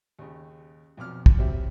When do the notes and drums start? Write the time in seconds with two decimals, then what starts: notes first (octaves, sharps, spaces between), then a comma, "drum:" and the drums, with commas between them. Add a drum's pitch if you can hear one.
0.19 D#2 C#3
0.97 B1 F2 D6 F6
1.26 drum: kick
1.38 F#3 G3 C4 G4 E5